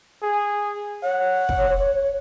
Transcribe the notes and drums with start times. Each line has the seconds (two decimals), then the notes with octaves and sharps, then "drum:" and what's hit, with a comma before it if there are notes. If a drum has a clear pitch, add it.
0.23 G#4
1.03 C#5 F#5
1.49 drum: kick